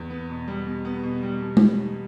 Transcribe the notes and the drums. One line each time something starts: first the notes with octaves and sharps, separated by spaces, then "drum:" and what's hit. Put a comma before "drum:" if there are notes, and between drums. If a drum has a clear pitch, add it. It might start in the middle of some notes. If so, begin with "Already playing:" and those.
Already playing: E2
B3
B2
G3
B2
B3
B2
G3
B2
drum: tom G#3